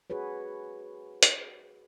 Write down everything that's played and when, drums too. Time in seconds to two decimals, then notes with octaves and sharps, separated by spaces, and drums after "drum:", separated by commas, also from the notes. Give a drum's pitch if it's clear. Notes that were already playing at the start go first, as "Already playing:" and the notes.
0.10 F#4 G#4 B4 C#5
1.23 drum: hi-hat